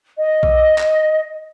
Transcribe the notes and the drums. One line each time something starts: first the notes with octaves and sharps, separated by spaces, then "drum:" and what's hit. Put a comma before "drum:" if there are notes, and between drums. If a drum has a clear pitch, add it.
D#5
drum: kick B1
drum: clap